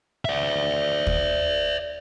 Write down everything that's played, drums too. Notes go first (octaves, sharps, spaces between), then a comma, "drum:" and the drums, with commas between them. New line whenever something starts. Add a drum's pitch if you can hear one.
D5 E5
drum: kick